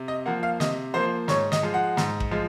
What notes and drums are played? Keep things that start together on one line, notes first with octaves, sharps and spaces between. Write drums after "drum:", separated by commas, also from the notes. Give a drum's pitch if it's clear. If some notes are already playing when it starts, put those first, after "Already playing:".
Already playing: C3
D#5
F3 A#3 F#5
F5
C3 D#5, drum: snare
F3 A#3 C5
G#2 C#5, drum: snare
D#5, drum: snare
F3 G#3
F#5
G#2, drum: snare
drum: kick
F3 G#3